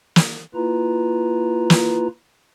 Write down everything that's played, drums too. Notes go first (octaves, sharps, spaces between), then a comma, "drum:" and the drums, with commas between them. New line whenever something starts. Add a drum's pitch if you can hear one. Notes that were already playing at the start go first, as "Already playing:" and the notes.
drum: snare
A#3 E4 F4 B4 A#5
drum: snare